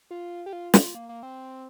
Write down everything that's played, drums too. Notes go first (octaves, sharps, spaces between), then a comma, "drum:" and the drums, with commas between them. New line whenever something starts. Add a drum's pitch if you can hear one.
F4
G4
F4
F4, drum: snare
A#3
A#3
C4